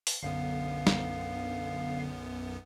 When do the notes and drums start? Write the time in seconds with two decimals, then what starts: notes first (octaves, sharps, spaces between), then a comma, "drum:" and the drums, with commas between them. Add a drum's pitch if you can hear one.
0.07 drum: open hi-hat
0.23 B1 F#2 D3 B3 F5
0.87 drum: snare